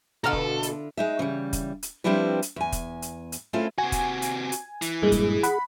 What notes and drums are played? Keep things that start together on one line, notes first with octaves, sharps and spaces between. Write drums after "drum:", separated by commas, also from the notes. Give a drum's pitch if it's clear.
B2 D3 E4 F4 A4 A#5 F6
drum: kick F1
drum: hi-hat
G#3 D#4 E5
C#3 E3 G3
drum: kick F1, hi-hat
drum: hi-hat
F3 G3 C4 D4 E4 B4
drum: hi-hat
E2 G#5
drum: kick F1, hi-hat
drum: hi-hat
drum: hi-hat
A3 C4 C#4 E4 F4 A4
C3 F#4 G#5
drum: kick F1, hi-hat
drum: hi-hat
drum: hi-hat
E3, drum: hi-hat
G2 A#2 G#3 G#4
drum: kick F1, hi-hat
F#5 B5, drum: hi-hat